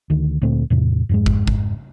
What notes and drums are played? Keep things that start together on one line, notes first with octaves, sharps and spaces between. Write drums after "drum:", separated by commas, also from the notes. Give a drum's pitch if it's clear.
D2 D#3
D2 A#2 A3 C4
E2 A2 C3
F2 G#2 G#3
drum: kick
drum: kick